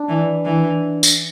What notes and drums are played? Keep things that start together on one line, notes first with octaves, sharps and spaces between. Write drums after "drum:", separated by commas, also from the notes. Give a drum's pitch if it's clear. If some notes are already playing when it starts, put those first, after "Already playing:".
Already playing: D4
E3
E3
drum: tambourine